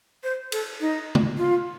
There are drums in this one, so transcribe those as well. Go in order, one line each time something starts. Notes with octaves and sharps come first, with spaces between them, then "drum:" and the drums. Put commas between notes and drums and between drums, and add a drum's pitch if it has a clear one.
C5
A4, drum: cymbal
D#4
drum: tom C#3
F4